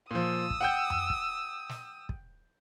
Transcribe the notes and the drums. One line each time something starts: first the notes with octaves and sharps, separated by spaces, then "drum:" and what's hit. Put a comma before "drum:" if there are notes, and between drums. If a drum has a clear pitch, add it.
A#2 F3 D#6 E6
drum: kick
F#5 G5 G6
drum: tom F2
drum: kick
drum: snare
drum: kick